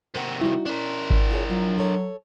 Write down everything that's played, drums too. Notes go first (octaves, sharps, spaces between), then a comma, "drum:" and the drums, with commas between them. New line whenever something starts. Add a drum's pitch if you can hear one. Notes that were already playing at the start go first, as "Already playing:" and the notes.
C3 D#3 A#3 A#4 F#5
G3 D#4 E4 F#4
C#4 D4 A#4
drum: kick G#1
F4 G#4 C#5
F#3 F4
A4 C#5